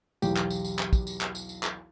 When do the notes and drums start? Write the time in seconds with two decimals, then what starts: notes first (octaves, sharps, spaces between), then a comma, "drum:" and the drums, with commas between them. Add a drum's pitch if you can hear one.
0.22 B1 E2 G4, drum: tambourine
0.36 drum: clap
0.50 drum: tambourine
0.65 drum: tambourine
0.79 drum: clap
0.93 drum: kick, tambourine
1.07 drum: tambourine
1.21 drum: clap
1.35 drum: tambourine
1.49 drum: tambourine
1.63 drum: clap